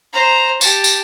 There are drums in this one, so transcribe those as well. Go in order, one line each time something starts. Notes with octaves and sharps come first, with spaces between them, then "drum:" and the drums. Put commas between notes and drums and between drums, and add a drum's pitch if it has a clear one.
C5 A#5
G4 A5, drum: tambourine
drum: tambourine